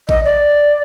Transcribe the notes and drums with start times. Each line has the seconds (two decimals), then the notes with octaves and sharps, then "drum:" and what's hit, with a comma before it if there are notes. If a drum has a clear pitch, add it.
0.09 D#5, drum: kick A1
0.24 D5